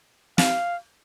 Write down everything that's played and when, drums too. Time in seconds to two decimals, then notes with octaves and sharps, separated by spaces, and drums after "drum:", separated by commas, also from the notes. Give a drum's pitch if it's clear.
0.38 F5, drum: snare